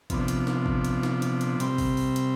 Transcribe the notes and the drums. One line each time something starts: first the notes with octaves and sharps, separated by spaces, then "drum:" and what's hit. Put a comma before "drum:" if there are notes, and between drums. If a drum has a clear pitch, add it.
C3 F3 B3 D4, drum: kick G#1, hi-hat
drum: hi-hat
drum: snare
drum: kick G#1
drum: hi-hat
drum: snare
drum: hi-hat
drum: hi-hat
C3 G3 C4, drum: hi-hat
drum: kick G#1, open hi-hat
drum: open hi-hat
drum: hi-hat